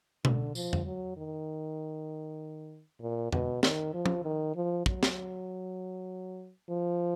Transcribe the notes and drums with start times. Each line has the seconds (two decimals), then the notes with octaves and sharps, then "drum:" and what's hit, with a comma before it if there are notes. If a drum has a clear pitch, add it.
0.25 D3, drum: tom B2
0.55 F3, drum: tambourine
0.73 drum: tom F2
0.86 F#3
1.17 D#3
3.01 A#2
3.33 B2, drum: tom F2
3.63 D#3, drum: snare
3.94 F3
4.06 drum: tom F3
4.24 D#3
4.55 F3
4.86 F#3, drum: kick
5.03 drum: snare
6.70 F3